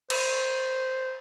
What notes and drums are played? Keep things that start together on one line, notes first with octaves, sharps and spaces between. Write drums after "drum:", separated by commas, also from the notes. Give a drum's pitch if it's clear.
C5, drum: cymbal